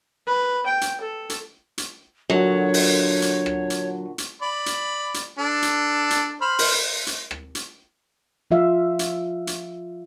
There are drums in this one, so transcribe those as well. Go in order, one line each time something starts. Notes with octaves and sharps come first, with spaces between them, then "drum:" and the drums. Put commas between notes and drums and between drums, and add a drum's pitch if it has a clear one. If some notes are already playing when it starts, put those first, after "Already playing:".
B4
G5
drum: hi-hat
A4
drum: hi-hat
drum: hi-hat
A#2 D3 F#3 F#4 C#5
drum: open hi-hat
drum: hi-hat
drum: rim click
drum: hi-hat
drum: hi-hat
D5 B5
drum: hi-hat
drum: hi-hat
D4 A4
drum: hi-hat
drum: hi-hat
C5 B5 F6
drum: open hi-hat
drum: hi-hat
drum: rim click
drum: hi-hat
F3 F4 E5 F5
drum: hi-hat
drum: hi-hat